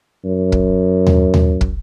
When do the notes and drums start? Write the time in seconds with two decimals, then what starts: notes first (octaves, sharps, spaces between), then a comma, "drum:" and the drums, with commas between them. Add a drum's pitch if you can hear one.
0.25 F#2
0.52 drum: kick
1.07 drum: tom D#2
1.34 drum: tom D#2
1.61 drum: kick